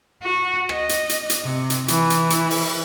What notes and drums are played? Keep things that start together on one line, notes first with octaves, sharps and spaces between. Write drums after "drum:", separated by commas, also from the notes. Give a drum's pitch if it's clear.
F#4
D#5, drum: rim click
drum: hi-hat
drum: hi-hat
drum: hi-hat
C3
drum: hi-hat
E3, drum: hi-hat
drum: hi-hat
drum: hi-hat
drum: open hi-hat